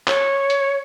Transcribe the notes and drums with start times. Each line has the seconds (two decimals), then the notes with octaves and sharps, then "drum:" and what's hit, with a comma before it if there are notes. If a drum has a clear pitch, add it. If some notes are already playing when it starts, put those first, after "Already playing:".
0.08 C#5, drum: clap
0.50 drum: hi-hat